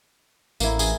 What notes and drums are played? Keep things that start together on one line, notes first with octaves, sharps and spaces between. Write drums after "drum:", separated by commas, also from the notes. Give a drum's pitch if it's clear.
A1 A#3 E4, drum: tambourine
G#4, drum: tambourine